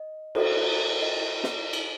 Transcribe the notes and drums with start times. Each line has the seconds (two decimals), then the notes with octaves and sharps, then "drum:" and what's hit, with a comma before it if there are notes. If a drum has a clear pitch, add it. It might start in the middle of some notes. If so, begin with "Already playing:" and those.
Already playing: D#5
0.35 F#4 A4 C5, drum: cymbal
1.02 D#5
1.44 drum: snare
1.73 drum: cymbal